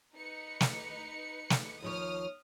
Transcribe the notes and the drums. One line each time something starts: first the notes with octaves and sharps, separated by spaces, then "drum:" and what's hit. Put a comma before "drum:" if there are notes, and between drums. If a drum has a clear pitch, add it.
D#4 B4 C#7
drum: snare
drum: snare
D#2 F3 C#5 D#6 F6